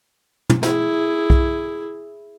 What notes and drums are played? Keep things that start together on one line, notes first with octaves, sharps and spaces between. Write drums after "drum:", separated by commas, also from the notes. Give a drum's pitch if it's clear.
drum: tom
E4 G#4, drum: snare
drum: kick B1